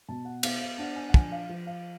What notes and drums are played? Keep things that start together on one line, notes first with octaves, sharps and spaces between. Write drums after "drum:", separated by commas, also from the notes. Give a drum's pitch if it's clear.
B2 A5
F#5
B3 F5, drum: cymbal
F5
D4 F#5
G#5
F#5
F3 G#5, drum: kick
F5
F3
F5